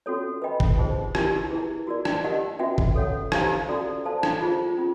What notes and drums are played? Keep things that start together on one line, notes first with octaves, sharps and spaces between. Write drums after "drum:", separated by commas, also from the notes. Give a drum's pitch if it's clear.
C#4 F#4 A4 C#5
B4 D#5 G5 B5
drum: kick
D#4 G#4 C5
E4 G4 A#4, drum: rim click
E4 G#4 B4
F#4 A#4 D5
drum: rim click
D#4 G4 A#4 D#5 F#5
C#4 F#4 B4 E5 G5
drum: kick
A4 C#5 F#5
G4 C5 F5 A#5, drum: rim click
C#4 F#4 A4 D5
A4 C5 F5 A5
drum: rim click
F4 G#4 C5
C#4 F4